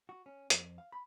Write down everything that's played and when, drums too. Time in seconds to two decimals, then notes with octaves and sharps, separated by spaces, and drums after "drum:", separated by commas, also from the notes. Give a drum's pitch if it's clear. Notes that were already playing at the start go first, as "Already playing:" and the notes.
0.09 F#4
0.26 C#4
0.50 F2, drum: hi-hat
0.78 F5
0.92 B5